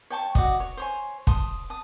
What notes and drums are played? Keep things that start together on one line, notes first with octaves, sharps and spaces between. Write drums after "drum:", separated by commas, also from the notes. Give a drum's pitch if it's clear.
C#5 G5 A5 C#6
F#4 D5 D#5, drum: kick
C#5
C5 C#5 G#5
A5 C6 D#6, drum: kick
A5 D#6